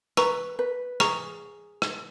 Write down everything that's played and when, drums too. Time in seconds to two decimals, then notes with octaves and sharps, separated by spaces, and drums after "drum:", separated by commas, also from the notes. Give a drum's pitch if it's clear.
0.17 B4 A#5 C#6, drum: rim click
0.59 B4
1.00 G#4 A#5 C#6, drum: rim click
1.82 drum: rim click